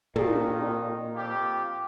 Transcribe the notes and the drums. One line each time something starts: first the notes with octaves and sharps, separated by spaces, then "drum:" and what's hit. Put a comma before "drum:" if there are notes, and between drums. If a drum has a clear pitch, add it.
F2 A#2 D#3 D#4, drum: tom
F2 F4 G4